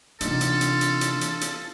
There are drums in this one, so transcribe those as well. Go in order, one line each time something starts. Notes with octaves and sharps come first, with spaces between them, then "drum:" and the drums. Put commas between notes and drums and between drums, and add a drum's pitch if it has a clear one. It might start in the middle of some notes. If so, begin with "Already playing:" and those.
C3 E3 A#3 D4 D#4 F4 A4, drum: hi-hat
drum: hi-hat
drum: hi-hat
drum: hi-hat
drum: hi-hat
drum: hi-hat
drum: hi-hat